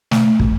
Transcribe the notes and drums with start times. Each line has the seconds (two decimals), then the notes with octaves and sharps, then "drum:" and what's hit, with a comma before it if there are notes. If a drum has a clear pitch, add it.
0.11 A3, drum: snare
0.40 drum: kick